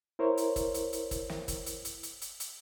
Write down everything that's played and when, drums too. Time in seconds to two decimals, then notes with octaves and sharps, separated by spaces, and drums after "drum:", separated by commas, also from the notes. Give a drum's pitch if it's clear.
0.19 E4 A#4 C5 C#5
0.37 drum: hi-hat
0.56 drum: kick, hi-hat
0.74 drum: hi-hat
0.93 drum: hi-hat
1.11 drum: kick, hi-hat
1.29 drum: snare
1.48 drum: kick, hi-hat
1.66 drum: hi-hat
1.85 drum: hi-hat
2.03 drum: hi-hat
2.22 drum: hi-hat
2.40 drum: hi-hat